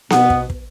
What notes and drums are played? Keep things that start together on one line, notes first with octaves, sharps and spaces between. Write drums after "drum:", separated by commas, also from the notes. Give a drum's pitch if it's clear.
B2 B3, drum: snare B3
drum: kick
drum: kick